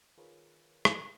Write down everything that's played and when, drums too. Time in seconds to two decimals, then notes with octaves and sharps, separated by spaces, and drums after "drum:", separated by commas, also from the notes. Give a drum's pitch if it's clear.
0.17 D#3 F4 G#4 A#4 B4 C#5
0.85 drum: rim click